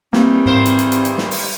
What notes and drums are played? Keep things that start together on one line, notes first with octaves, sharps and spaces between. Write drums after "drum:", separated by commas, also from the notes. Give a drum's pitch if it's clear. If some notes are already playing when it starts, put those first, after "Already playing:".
D#3 E3 G3 A#3 C4, drum: snare
G#2 A#3 C5
drum: hi-hat
drum: hi-hat
drum: hi-hat
drum: hi-hat
drum: snare
drum: open hi-hat